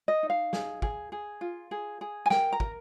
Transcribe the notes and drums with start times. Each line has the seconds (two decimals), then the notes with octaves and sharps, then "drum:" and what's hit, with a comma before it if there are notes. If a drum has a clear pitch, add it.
0.08 D#5
0.23 D#4
0.30 F5
0.53 G#4, drum: snare
0.82 G#4, drum: kick
1.12 G#4
1.41 F4
1.71 G#4
2.01 G#4
2.26 G#5
2.30 A#4 G5, drum: snare
2.52 A#5
2.60 A#4, drum: kick